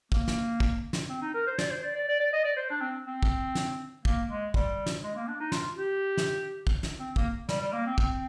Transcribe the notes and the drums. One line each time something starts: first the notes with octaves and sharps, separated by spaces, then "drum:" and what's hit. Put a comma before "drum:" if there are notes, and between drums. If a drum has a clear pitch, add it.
A#3, drum: kick
drum: snare
drum: kick
drum: snare
C4
D#4
A#4
C5
D5, drum: snare
C5
D5
D5
D5
D5
D#5
D5
C5
D4
C4
C4
drum: kick
drum: snare
A#3, drum: kick
G#3
G3, drum: kick
drum: snare
G#3
A#3
D4
D#4
F4, drum: snare
G4
drum: snare
drum: kick
drum: snare
C4
A#3, drum: kick
G3, drum: snare
G3
A#3
C4
C4, drum: kick